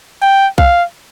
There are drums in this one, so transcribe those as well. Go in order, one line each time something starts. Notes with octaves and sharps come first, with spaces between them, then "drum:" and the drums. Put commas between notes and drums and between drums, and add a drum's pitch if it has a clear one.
G5
F5, drum: kick B1